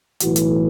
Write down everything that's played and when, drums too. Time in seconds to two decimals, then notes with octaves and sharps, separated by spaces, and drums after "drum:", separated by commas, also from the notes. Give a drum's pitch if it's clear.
0.20 B1 A2 E3 F#4, drum: hi-hat
0.36 drum: hi-hat